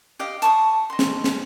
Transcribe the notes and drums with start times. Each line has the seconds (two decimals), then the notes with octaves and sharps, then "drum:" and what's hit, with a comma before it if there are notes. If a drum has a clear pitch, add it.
0.19 G4 D#5 F5
0.42 A5 C#6 D#6, drum: hi-hat
0.90 D#5 C6
0.99 drum: snare
1.24 drum: snare